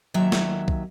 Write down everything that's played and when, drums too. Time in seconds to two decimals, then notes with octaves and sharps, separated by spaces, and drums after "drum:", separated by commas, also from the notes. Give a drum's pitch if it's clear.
0.14 D#2 F#3 E5
0.32 drum: snare
0.68 drum: kick